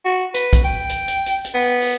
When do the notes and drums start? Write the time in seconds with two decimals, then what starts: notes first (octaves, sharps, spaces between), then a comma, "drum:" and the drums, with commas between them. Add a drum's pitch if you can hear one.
0.05 F#4
0.34 B4, drum: hi-hat
0.53 drum: kick, hi-hat
0.65 G5
0.89 drum: hi-hat
1.08 drum: hi-hat
1.26 drum: hi-hat
1.45 drum: hi-hat
1.54 B3
1.81 drum: open hi-hat